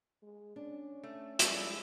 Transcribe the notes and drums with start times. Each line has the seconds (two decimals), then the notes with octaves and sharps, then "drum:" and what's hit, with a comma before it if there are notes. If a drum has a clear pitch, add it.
0.23 G#3
0.56 C#4 D4
1.03 A3
1.39 F3 G3 G#3 E4 E6, drum: hi-hat